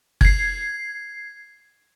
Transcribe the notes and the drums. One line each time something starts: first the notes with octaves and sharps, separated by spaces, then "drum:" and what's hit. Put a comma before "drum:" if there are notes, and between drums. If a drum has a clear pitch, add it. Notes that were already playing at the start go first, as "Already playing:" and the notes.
G#6 C7, drum: kick